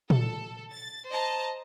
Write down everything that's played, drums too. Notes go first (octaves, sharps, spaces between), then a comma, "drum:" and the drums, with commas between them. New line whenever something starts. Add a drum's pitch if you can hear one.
A4, drum: tom A#2
A6
C5 D#5 A5 A#5